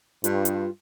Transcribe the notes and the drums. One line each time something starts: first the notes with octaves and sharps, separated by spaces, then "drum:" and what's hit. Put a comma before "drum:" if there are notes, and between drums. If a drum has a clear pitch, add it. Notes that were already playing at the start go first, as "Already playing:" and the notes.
G2 F4, drum: hi-hat
drum: hi-hat